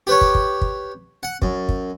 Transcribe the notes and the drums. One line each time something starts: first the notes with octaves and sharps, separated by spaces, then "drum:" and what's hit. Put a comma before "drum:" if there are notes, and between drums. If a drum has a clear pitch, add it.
G4 B4 C#5
drum: kick
drum: kick
drum: kick
F#5
F#2, drum: kick
drum: kick